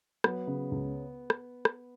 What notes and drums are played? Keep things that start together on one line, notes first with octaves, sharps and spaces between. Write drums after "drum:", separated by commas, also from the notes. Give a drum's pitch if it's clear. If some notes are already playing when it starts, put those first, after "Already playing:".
F#3 B3, drum: rim click
C#3
C#2
drum: rim click
drum: rim click